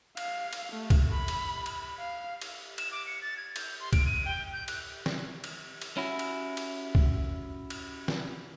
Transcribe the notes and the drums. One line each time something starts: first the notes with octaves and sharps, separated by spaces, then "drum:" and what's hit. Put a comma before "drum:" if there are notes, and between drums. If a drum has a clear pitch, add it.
F5, drum: cymbal
drum: cymbal
A3
drum: kick C2, cymbal
B5
drum: cymbal
drum: cymbal
F5
drum: cymbal
E7, drum: cymbal
D6
C#7
A6
G#6
G6, drum: cymbal
C6
D7, drum: kick C2, cymbal
D#7
G5
G6
F#6, drum: cymbal
drum: snare
drum: cymbal
drum: cymbal
C#4 E4 F#4
drum: cymbal
drum: cymbal
drum: kick C2
drum: cymbal
drum: snare